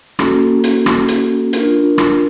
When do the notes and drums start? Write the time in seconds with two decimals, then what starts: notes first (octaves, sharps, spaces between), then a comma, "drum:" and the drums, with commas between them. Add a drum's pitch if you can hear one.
0.19 A#3 C#4 F#4 A4, drum: rim click
0.64 drum: hi-hat
0.86 drum: rim click
1.08 drum: hi-hat
1.53 D4 F4 A#4, drum: hi-hat
1.98 drum: rim click